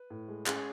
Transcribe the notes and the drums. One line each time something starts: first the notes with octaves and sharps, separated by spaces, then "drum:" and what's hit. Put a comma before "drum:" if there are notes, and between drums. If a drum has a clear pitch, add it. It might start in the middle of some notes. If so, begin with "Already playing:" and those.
Already playing: B4
A2
G#3
C#4 G#4, drum: clap